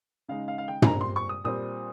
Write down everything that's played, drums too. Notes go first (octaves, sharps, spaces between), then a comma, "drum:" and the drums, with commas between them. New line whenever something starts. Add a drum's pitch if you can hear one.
C#3 G#3 D#4 F5
F5
F5
G5
G#5, drum: tom
A#2 G3 C4 A#5
C6
C#6
D#6
A#2 G3 C4 D#6